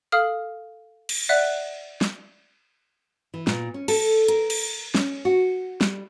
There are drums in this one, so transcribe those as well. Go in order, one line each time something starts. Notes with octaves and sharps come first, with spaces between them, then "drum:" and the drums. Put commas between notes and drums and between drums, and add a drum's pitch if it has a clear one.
A4 F5 D#6 F6
drum: cymbal
D5 E5 F#5 F#6
drum: snare
E3
A#2, drum: snare
C#4
A4, drum: cymbal
A#4, drum: hi-hat
drum: cymbal
C#4, drum: snare
F#4
G3, drum: snare